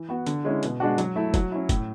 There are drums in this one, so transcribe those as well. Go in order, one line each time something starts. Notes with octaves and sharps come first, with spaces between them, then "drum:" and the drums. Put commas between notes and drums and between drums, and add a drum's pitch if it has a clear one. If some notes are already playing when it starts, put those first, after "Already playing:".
Already playing: E3
B3 F#4
D3, drum: hi-hat
G#3 C#4 E4
B2, drum: hi-hat
G#3 D4 F#4
F#3, drum: hi-hat
A3 E4
F#3, drum: kick, hi-hat
C#4 E4
A2, drum: kick, hi-hat